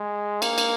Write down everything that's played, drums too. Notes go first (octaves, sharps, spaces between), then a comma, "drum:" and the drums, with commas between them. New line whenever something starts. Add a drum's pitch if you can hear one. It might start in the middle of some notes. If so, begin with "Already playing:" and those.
Already playing: G#3
A#3, drum: cymbal
drum: cymbal